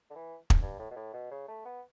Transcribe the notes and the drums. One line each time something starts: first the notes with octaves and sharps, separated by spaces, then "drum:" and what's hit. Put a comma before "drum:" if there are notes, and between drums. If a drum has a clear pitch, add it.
D3
E3
drum: kick
G2
A2
B2
A2
B2
C#3
A3
B3